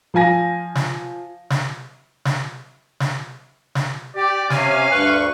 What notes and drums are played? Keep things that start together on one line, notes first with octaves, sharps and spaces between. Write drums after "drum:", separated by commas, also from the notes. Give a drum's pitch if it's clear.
F3 F5 G#5 A#6
drum: snare
drum: snare
drum: snare
drum: snare
drum: snare
G4 D5
C3 C#4 F5 G#5, drum: snare
D2 G2 B4 C#6